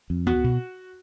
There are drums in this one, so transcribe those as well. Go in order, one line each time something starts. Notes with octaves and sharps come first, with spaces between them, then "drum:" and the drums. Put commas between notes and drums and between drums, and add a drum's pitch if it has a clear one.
F2
B3 F#4, drum: tom C#2
B2